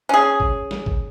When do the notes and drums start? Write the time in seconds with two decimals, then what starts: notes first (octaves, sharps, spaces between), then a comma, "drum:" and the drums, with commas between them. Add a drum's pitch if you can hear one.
0.09 C#4 G#4
0.40 drum: kick
0.71 drum: snare
0.86 drum: kick